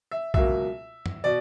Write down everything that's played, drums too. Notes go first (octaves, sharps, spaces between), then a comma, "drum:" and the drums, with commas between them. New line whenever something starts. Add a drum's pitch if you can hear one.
E5
C#2 B2 F#3 A#3 E5, drum: kick B1
drum: tom
B2 D5